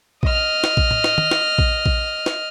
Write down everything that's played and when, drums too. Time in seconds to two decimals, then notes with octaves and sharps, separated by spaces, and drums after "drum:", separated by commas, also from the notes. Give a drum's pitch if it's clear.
0.23 D#5 F6, drum: kick A#1
0.64 drum: snare
0.77 drum: kick A#1
0.91 drum: tom A2
1.04 drum: snare
1.18 drum: tom
1.31 drum: snare
1.58 drum: kick A#1
1.86 drum: kick A#1
2.26 drum: snare